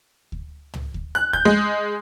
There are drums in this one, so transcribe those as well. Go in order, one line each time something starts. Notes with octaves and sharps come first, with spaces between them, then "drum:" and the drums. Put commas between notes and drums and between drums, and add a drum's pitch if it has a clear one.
drum: kick D2
drum: tom
drum: kick D2
F#6
G6, drum: kick D2
G#3